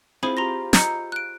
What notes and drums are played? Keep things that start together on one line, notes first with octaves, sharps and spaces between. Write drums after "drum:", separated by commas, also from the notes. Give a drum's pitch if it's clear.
C4 E4 F4 G#4 C5 B5
F4 G4 A#5 C6 A#6
D#4 E5 G#5 G6 C#7, drum: snare
F#6 D7